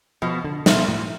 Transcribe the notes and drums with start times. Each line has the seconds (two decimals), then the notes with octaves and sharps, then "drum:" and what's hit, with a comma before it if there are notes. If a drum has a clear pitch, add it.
0.22 B2 F3
0.44 D3
0.66 B2 A3 F4, drum: snare
0.88 A2